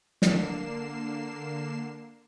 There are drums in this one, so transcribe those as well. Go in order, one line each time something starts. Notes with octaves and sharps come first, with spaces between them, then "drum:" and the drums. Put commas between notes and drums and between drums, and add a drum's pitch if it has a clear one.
D3 A#3 C7 E7, drum: snare